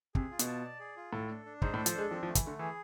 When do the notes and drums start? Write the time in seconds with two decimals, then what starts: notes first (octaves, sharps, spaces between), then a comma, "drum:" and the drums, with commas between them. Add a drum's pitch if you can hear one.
0.15 C3 G#4, drum: kick
0.31 F4
0.39 B2, drum: hi-hat
0.47 A5
0.64 D5
0.80 G#4
0.97 F4
1.13 A2 A4
1.29 D4
1.46 D4
1.62 G#2 C5, drum: kick
1.74 A2
1.78 A4
1.86 F3, drum: hi-hat
1.94 G#3 D4
2.11 F3 C4
2.23 F3
2.28 A3
2.35 E3, drum: kick, hi-hat
2.43 D3 A3
2.59 E3 G#4